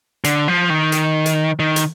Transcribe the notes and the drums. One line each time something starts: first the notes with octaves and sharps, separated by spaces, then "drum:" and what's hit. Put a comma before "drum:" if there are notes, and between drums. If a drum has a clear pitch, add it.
D3, drum: hi-hat
F3
D#3
drum: hi-hat
drum: hi-hat
D#3
drum: hi-hat